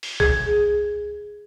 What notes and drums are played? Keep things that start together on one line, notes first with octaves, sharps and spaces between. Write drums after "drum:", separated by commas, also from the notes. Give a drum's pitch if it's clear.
drum: open hi-hat
G#4, drum: kick B1